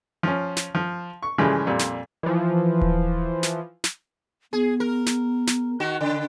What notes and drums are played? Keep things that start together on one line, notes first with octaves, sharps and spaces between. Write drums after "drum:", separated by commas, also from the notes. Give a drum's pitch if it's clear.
F3 C#4
drum: snare
F3
C#6
A2 C#3 E3 F3 G3 G#3
F2 A#2 G3
drum: snare
E3 F3
drum: kick D#1
drum: snare
drum: snare
B3 G#4
A#4
drum: snare
drum: snare
D#3 F#4
C#3